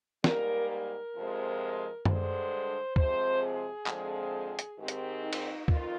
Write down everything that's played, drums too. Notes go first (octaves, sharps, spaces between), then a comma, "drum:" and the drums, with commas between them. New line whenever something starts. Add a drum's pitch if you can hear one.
G#2 G3 A#3 A#4, drum: snare
A#4
F2 C3 F3 G#3 C4
G2 D3 G#3 C5, drum: tom F#2
C3 F3 G#3 C4 C5, drum: kick D2
G#4
F2 D3 F3 G#3 C4, drum: clap
drum: hi-hat
G#2 D#3 G#3 C4 G4
drum: hi-hat
D#4
drum: cymbal
F2 D#3 F4, drum: kick D2